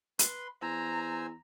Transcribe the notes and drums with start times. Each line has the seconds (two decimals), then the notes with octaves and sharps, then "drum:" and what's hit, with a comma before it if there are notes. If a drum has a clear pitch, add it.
0.19 B4 C6, drum: hi-hat
0.62 E2 C5 G#5 A#5 E6